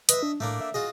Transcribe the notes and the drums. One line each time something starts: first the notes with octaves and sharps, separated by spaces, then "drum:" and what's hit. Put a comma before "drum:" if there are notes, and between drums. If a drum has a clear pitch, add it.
B4 D#5 E5, drum: hi-hat
D4
A2 A3 A#3 D4
E5
F4 F#4 G#4 D#5